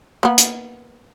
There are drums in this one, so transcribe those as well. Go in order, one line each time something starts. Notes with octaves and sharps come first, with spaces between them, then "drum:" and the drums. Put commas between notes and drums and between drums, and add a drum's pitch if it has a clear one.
A#3 B3
drum: hi-hat